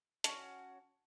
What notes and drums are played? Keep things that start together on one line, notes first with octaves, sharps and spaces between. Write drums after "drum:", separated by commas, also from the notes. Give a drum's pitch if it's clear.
C#4 F#4 A5, drum: hi-hat